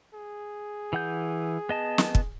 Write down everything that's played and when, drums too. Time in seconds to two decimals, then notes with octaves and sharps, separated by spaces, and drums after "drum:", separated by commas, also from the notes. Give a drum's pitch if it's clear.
0.14 G#4
0.93 E3 F#5 G6
1.69 B3 D#5 A5
1.98 drum: snare
2.15 drum: kick